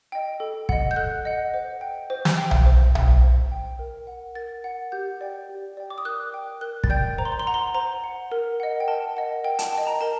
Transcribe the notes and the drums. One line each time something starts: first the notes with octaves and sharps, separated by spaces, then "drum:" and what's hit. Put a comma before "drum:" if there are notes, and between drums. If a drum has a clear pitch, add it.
D#5 G5
A4
D#5 F#5, drum: kick
G6
A4 F#6
D#5 F#5
C5
G5
C5
drum: snare
G5
drum: tom B1
C5
G5, drum: tom B1
C5
G5
A#4
F#5
A#4 A6
F#5
G4 G6
D5 G5
G4
D5 G5
D6
D#6
A#4 F#6
D5 G5
A#4 F#6
A6, drum: kick
D5 G5 G6
C5 A#5
C6
A#5
C6
F#5 A#5
C6
A#5
C5 A#5
F#5
A#4
D#5 F#5
G5
A#4 A5
D#5 F#5
A#4 G5
A5, drum: hi-hat
G5 A5
D#5
A#5
A#4 A5